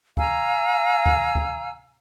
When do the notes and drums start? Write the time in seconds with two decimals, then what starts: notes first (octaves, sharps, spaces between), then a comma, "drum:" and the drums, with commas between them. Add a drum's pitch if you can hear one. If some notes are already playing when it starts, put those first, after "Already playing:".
0.17 F5 G#5 A#5 E6, drum: kick D2
1.06 drum: kick D2
1.35 drum: kick D2